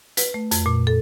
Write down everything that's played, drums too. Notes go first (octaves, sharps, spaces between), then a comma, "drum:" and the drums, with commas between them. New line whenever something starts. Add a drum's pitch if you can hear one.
B4, drum: hi-hat
A3
F2, drum: hi-hat
A#2
A4